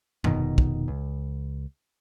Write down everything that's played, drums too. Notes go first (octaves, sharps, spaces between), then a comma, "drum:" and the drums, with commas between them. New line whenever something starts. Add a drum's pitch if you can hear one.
F1 B2 D#3, drum: tom G2
drum: kick
C#2